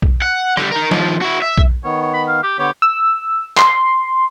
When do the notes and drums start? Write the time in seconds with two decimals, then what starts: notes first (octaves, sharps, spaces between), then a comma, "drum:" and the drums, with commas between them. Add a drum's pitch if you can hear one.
0.02 drum: kick B1
0.22 F#5
0.57 D3 G3, drum: rim click
0.72 D#4 A#4
0.91 D#2 F3, drum: snare
1.22 E4 F#4
1.42 E5
1.58 drum: kick B1
1.84 D#3 B3 C#5
2.02 C#5
2.14 B5
2.28 F5
2.43 G4
2.59 D3 B3 G4 C#5
2.82 E6
3.57 C6, drum: clap